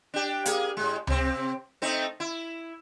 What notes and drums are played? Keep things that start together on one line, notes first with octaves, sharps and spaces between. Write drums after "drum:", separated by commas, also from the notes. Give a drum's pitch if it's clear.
D4 G4
A#3 G#4, drum: hi-hat
A2 G#3
C3 C4, drum: tom C#2
A3 C4 D#4
E4